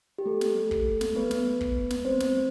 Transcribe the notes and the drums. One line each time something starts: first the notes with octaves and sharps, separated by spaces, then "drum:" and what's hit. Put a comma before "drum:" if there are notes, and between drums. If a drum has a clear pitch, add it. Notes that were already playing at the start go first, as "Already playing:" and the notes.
G4
A3 A4
drum: snare
drum: kick
drum: snare
B3 B4
drum: snare
drum: kick
drum: snare
C4 C5
drum: snare